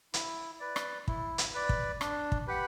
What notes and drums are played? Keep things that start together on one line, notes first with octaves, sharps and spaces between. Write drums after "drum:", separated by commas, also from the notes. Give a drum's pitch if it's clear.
E4, drum: hi-hat
B4 D5
drum: rim click
E4, drum: kick
drum: hi-hat
B4 D5
drum: kick
D4, drum: rim click
drum: kick
G4 B4 F#5